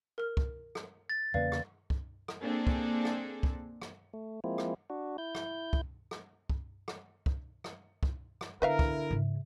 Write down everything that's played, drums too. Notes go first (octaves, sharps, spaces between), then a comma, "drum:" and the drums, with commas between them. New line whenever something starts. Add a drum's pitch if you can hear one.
A#4 F6
drum: kick
drum: rim click
A6
E2 C#3 A#3 B4 D5 F5
drum: rim click
drum: kick
drum: rim click
A#3 C4 D4 G#4 A4
drum: kick
drum: rim click
drum: kick
drum: rim click
A3
F3 G#3 A#3 C4 E4
drum: rim click
D4 F#4
E4 G6
drum: rim click
drum: kick
drum: rim click
drum: kick
drum: rim click
drum: kick
drum: rim click
drum: kick
drum: rim click
D3 B3 E4 A#4 B4 E5 F5
drum: kick
G#2 C#3